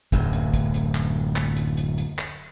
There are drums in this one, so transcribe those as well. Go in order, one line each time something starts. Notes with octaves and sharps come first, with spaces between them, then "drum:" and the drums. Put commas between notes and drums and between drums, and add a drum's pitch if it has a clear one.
D1 F#2, drum: kick, hi-hat
drum: hi-hat
drum: kick, hi-hat
drum: hi-hat
drum: clap
drum: clap
drum: hi-hat
drum: hi-hat
drum: hi-hat
drum: clap